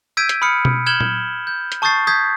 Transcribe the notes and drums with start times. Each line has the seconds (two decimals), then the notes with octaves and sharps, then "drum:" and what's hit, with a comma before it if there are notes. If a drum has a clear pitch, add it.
0.17 E6 G6 G#6 B6 D7 D#7
0.29 drum: hi-hat
0.42 B5 D#6 F6 C#7
0.65 drum: tom B2
0.86 F6 G6 G#6 E7 F#7 G7
1.01 drum: tom A#2
1.47 G6
1.72 drum: hi-hat
1.82 A5 C#6 D#6 G6 A6 C7
2.07 D#6 G6 G#6 B6